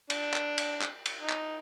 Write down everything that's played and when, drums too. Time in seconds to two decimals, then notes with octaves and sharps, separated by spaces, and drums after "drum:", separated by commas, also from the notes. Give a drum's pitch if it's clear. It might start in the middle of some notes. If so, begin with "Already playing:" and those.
0.10 D4, drum: cymbal
0.34 drum: clap
0.58 drum: cymbal
0.82 drum: clap
1.06 drum: cymbal
1.20 D#4
1.30 drum: clap